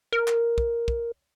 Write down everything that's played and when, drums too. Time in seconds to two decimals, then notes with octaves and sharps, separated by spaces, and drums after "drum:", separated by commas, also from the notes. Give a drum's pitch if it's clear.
0.12 A#4
0.28 drum: clap
0.58 drum: kick
0.88 drum: kick